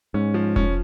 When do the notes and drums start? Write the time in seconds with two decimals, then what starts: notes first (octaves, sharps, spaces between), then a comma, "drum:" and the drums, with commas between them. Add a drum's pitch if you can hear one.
0.14 G#2 C#4
0.34 F3
0.56 C#4, drum: kick E1